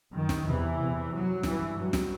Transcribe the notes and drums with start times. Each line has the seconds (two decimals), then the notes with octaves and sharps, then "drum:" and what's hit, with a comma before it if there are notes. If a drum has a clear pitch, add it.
0.12 F#2 D#3
0.29 drum: snare
0.45 E2 C3 E3
0.79 E2 C3
1.11 F#2 F#3
1.43 G2 E3, drum: snare
1.76 G2 F#3
1.93 drum: snare